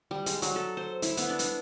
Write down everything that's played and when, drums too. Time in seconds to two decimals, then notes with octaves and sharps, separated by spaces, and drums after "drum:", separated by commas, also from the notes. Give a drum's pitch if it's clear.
0.11 G3
0.26 G#3, drum: hi-hat
0.42 F#3, drum: hi-hat
0.56 A4
0.77 C5
1.02 E4, drum: hi-hat
1.17 B3, drum: hi-hat
1.30 D4
1.39 drum: hi-hat